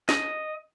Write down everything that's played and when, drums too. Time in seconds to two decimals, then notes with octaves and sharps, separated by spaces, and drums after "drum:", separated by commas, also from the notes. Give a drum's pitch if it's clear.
0.09 D#5, drum: snare